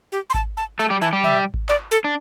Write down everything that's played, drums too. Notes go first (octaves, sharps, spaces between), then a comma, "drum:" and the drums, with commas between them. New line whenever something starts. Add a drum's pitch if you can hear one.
G4
C6
A5, drum: kick G#1
A5
A3 A4 A5
G3 G4
E3 E4 A5
G3 G4
E5, drum: tom
drum: kick G#1
D5, drum: clap
A4
D4